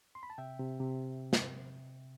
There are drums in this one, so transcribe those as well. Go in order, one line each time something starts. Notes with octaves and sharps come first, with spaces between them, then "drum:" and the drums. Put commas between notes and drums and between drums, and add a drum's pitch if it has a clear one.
C6
B5
A5
C3 E5 G5
C3
C3
drum: snare